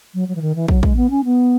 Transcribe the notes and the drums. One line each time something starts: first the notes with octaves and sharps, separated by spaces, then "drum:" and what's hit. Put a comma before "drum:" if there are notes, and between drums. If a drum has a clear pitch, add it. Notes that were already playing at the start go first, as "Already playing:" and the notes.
F#3
F#3
E3
D#3
E3
F#3, drum: kick
G#3, drum: kick
B3
C#4
B3